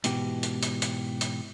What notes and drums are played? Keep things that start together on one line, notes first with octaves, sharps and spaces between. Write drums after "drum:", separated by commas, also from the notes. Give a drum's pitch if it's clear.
G#2 B2 E3 G4, drum: hi-hat
drum: hi-hat
drum: hi-hat
drum: hi-hat
drum: hi-hat